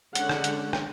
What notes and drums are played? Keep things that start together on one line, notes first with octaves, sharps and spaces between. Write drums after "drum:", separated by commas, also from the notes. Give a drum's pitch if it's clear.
D3 G#3 C#4 F#5, drum: hi-hat
drum: rim click
drum: hi-hat
drum: rim click